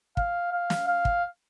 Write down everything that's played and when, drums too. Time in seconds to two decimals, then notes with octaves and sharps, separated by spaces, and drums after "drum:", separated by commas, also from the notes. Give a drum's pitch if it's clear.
0.17 F5, drum: kick
0.52 F5
0.70 drum: snare
0.87 F5
1.05 drum: kick